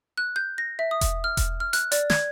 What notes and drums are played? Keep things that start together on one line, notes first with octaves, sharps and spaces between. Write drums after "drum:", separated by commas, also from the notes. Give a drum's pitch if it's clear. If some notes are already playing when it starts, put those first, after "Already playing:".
F#6
G6
A#6
E5
D#6
drum: kick E1, hi-hat
F6
drum: kick E1, hi-hat
F6
F#6, drum: hi-hat
D5, drum: hi-hat
G#6, drum: snare